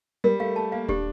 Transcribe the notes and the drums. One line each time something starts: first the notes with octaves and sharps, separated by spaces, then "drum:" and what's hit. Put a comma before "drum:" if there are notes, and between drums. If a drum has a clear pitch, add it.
G3 A#4
A3 F5
A3 A5
A#3 F5
D4 G4, drum: kick D#1